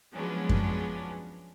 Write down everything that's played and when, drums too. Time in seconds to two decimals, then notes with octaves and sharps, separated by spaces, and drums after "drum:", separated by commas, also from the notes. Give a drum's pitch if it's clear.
0.14 F3 F#3 G#3 B3 C#4 D4
0.49 drum: kick F#2